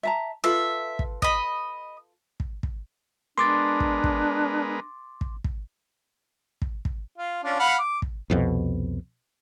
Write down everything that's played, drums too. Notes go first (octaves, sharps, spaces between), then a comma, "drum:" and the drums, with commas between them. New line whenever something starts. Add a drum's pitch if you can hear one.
E5 A5 A#5
F4 A4 B4 E5
drum: kick
D#5 B5, drum: kick
drum: kick
drum: kick
G#3 B3 D4 A#4 C6 D6 A6
drum: kick
drum: kick
drum: kick
drum: kick
drum: kick
drum: kick
F4
C#4 D4 F4
F5 F#5 B5
D6
drum: kick
C2 F2 B2